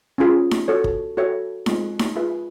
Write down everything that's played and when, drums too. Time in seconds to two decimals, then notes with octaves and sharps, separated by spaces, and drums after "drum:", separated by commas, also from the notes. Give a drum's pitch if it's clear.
0.18 C#4 F4 G#4
0.51 drum: snare D#4
0.68 F#4 A4 C#5
0.84 drum: kick
1.17 F#4 A4 C#5 E5 G5
1.66 G#3 C4 F4, drum: snare D#4
1.99 drum: snare D#4
2.16 F4 G#4 B4 E5